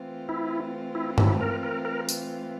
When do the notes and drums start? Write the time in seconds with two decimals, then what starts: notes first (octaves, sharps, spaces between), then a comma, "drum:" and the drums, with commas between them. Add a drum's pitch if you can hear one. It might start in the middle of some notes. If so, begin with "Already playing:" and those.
Already playing: E3 A3 C4 F4
0.29 E4
0.95 E4
1.18 E4, drum: tom G2
1.41 A#4
1.63 A#4
1.85 A#4
2.09 drum: tambourine